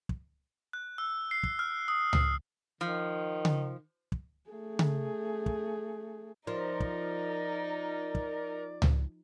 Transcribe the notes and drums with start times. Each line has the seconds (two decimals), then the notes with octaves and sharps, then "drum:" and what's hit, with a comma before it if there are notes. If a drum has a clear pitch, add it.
0.09 drum: kick
0.73 F#6
0.98 E6
1.31 C7
1.43 drum: kick
1.59 F6
1.88 D#6
2.13 C7, drum: tom C#2
2.81 D#3 F3
3.45 drum: tom C#3
4.12 drum: kick
4.50 A3 G#4
4.79 drum: tom C#3
5.46 drum: kick
6.47 F3 D#4 A#4 D5
6.80 drum: kick
8.15 drum: kick
8.82 drum: tom C#2